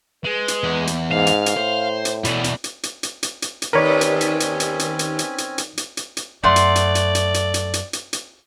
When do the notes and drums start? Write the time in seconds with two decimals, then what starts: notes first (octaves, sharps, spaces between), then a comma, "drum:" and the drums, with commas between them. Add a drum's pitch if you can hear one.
0.25 G#3 B4
0.48 drum: hi-hat
0.64 E2
0.87 drum: hi-hat
1.11 G#2 F5
1.27 drum: hi-hat
1.46 drum: hi-hat
1.57 A2 C5
2.05 drum: hi-hat
2.25 B2 E3 E4 D5, drum: hi-hat
2.44 drum: hi-hat
2.64 drum: hi-hat
2.83 drum: hi-hat
3.03 drum: hi-hat
3.23 drum: hi-hat
3.42 drum: hi-hat
3.62 drum: hi-hat
3.73 D#2 C4 C#4 A#4 B4 C#5 D5 G#5
4.01 drum: hi-hat
4.21 drum: hi-hat
4.40 drum: hi-hat
4.60 drum: hi-hat
4.79 drum: hi-hat
4.99 drum: hi-hat
5.19 drum: hi-hat
5.38 drum: hi-hat
5.58 drum: hi-hat
5.77 drum: hi-hat
5.97 drum: hi-hat
6.17 drum: hi-hat
6.44 F#2 A3 D5 F#5 C6
6.56 drum: hi-hat
6.75 drum: hi-hat
6.95 drum: hi-hat
7.15 drum: hi-hat
7.34 drum: hi-hat
7.54 drum: hi-hat
7.74 drum: hi-hat
7.93 drum: hi-hat
8.13 drum: hi-hat